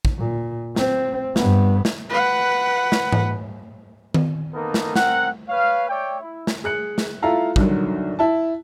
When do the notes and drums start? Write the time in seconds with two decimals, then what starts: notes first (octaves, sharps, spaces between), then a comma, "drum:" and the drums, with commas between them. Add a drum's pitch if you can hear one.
0.05 drum: kick
0.19 A#2
0.76 C4, drum: snare
1.36 G2 B3, drum: snare
1.85 drum: snare
2.10 B4 F#5
2.92 drum: snare
3.12 drum: tom G#2
4.14 drum: tom D#3
4.54 A#3 B3 D#4 A4 A#4
4.74 drum: snare
4.96 C4 A#4 F#5, drum: snare
5.49 B4 C#5 F5
5.89 C#5 D5 E5 G5
6.21 E4
6.47 drum: snare
6.64 G#4 F#6 C#7
6.98 drum: snare
7.22 E4 F4 A4 F5 A#5
7.56 C2 D3 D#3 F#3, drum: kick
8.19 E4 A5